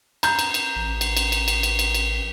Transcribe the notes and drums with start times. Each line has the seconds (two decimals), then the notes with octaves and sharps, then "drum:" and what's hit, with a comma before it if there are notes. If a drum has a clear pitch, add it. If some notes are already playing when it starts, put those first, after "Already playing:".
0.23 A#5 G6, drum: cymbal
0.39 drum: cymbal
0.54 drum: cymbal
0.76 A1
1.01 drum: cymbal
1.17 drum: cymbal
1.32 drum: cymbal
1.48 drum: cymbal
1.63 drum: cymbal
1.79 drum: cymbal
1.94 drum: cymbal